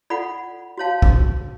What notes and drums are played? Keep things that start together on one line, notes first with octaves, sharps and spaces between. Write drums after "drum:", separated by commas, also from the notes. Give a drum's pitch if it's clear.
F4 A4 D5 F#5 B5
F#4 C#5 F5 A5
drum: kick